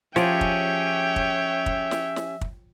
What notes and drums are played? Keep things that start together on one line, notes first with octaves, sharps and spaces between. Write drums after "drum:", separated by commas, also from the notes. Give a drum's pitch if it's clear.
F3 C#4 G4 G#4 C#5 E5 G5, drum: snare
drum: kick
drum: kick
drum: kick
drum: snare
drum: snare
drum: kick